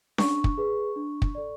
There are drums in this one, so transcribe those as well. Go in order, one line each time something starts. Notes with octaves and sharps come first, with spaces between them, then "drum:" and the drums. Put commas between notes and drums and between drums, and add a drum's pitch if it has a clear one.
D4 C#6, drum: snare C#4
drum: kick
G#4 B4
D4
drum: kick
A4 D5